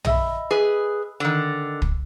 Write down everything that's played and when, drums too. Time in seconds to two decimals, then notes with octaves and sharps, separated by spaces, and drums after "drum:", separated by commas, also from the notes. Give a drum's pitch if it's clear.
0.05 D#5 E5 B5, drum: tom
0.51 G#4 B4
1.20 D3 D#3
1.82 drum: kick